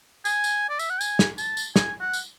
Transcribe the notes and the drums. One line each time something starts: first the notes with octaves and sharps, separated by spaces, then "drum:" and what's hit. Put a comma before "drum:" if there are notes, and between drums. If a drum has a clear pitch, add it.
G#5, drum: tambourine
drum: tambourine
D5
E5, drum: tambourine
F#5
G#5, drum: tambourine
drum: snare
A5, drum: tambourine
drum: tambourine
G#5, drum: snare
F#5
drum: tambourine